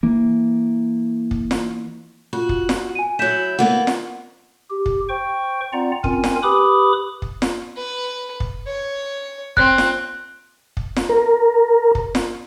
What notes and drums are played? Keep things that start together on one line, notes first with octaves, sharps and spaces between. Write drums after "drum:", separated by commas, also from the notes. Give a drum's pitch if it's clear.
E3 A#3
drum: kick
drum: snare
F4 F#4
drum: kick
drum: snare
G#5 D#7
F#3 E4 G6 B6 E7
E3 A#3 B3 F#5
drum: snare
G4
drum: kick
C5 G5 C#6
C4 F4 D5 F#5 A#5
C4 C#4 F4 A#4 G#5, drum: kick
drum: snare
G4 B4 B5 D6 D#6
drum: kick
drum: snare
B4
drum: kick
C#5
C4 F#6, drum: kick
drum: snare
drum: kick
drum: snare
A#4
drum: kick
drum: snare